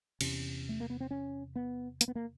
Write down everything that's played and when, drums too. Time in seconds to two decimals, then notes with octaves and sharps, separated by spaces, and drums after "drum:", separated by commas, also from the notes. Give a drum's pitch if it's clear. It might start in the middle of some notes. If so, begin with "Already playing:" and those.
0.21 E2 C3 C#4, drum: cymbal
0.69 A3
0.80 A#3
0.90 B3
1.00 C4
1.11 C#4
1.56 B3
2.01 A#3, drum: hi-hat
2.08 B3
2.15 A#3